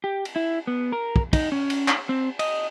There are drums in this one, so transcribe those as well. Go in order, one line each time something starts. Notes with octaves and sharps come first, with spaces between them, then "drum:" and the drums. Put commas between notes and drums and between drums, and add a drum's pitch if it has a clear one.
G4
drum: cymbal
E4
B3
A#4
drum: kick
D#4, drum: kick, cymbal
C#4
drum: cymbal
drum: clap
C4
D#5, drum: cymbal